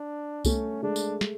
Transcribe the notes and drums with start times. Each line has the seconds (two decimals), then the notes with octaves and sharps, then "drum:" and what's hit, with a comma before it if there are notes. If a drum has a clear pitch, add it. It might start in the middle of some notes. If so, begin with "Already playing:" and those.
Already playing: D4
0.45 A3 C#4, drum: kick C2, tambourine
0.83 G#3 D4
0.96 drum: tambourine
1.21 drum: snare